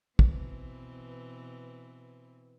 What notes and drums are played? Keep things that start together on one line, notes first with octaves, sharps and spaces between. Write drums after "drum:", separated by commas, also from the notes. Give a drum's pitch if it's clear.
B2 E3 C4, drum: kick